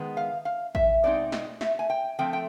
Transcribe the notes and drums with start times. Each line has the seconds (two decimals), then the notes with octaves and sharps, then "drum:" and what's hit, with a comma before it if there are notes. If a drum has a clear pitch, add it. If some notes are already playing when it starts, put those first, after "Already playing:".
Already playing: D#3 G#3 B3
0.17 F5
0.45 F5
0.75 E5, drum: kick A1
1.04 B2 G#3 C4 D#4 D5
1.32 D#5, drum: snare
1.61 E5, drum: snare
1.79 G#5
1.90 G5
2.19 F3 A3 C4 G5
2.33 G5